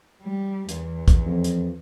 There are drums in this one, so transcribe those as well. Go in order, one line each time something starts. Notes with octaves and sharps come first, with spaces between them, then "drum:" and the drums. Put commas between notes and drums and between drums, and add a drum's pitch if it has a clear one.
G3
E2, drum: hi-hat
drum: kick, hi-hat
F2
drum: hi-hat